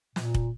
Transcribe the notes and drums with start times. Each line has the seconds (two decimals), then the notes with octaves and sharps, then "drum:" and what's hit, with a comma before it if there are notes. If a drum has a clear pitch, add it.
0.16 A#2, drum: snare
0.34 drum: kick